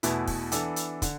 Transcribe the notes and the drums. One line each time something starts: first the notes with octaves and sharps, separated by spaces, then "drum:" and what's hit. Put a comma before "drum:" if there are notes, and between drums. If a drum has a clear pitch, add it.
E2 B2 A3 E4, drum: hi-hat
drum: kick, open hi-hat
E3 B3 D4 A4, drum: hi-hat
drum: hi-hat
D3, drum: kick, hi-hat